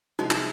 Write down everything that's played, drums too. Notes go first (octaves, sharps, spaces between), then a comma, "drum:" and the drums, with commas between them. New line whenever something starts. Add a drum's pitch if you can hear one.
C3 F3 G#3 D#4
D#4, drum: clap